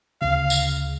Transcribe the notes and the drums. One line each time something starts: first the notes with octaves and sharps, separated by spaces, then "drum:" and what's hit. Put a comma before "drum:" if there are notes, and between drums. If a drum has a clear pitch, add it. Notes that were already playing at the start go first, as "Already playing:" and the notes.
D2 C#3 F5
drum: tambourine